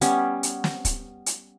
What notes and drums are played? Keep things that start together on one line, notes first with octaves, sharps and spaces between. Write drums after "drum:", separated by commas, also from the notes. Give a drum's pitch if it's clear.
G3 B3 C#4, drum: hi-hat
drum: hi-hat
drum: snare
drum: kick, hi-hat
drum: hi-hat